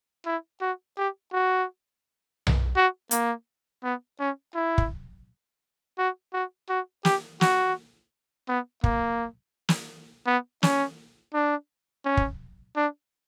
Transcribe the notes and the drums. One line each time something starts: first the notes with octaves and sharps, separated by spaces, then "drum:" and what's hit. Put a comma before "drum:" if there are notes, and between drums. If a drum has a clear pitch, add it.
E4
F#4
G4
F#4
drum: tom B1
F#4
A#3, drum: hi-hat
B3
C#4
E4
drum: kick
F#4
F#4
F#4
G4, drum: snare
F#4, drum: snare
B3
A#3, drum: kick
drum: snare
B3
C#4, drum: snare
D4
C#4
drum: kick
D4